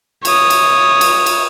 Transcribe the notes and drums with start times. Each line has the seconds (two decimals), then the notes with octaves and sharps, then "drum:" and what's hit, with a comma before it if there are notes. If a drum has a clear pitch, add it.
0.25 C#5 D#6, drum: cymbal
0.50 drum: cymbal
1.01 drum: cymbal
1.26 drum: cymbal